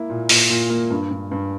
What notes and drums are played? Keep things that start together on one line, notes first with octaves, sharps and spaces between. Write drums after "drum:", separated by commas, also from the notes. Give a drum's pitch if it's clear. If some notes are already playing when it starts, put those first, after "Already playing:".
Already playing: A#3 E4
A#2
A#2, drum: open hi-hat
A#2
A#3
G2
G2
G2